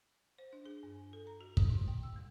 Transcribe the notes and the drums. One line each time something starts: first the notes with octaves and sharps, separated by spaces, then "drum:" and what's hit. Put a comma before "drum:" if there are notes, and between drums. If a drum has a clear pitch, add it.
C5
D4
G#4
G2
A4
A#5
F#4
D3, drum: kick
B2
G5
E6
G3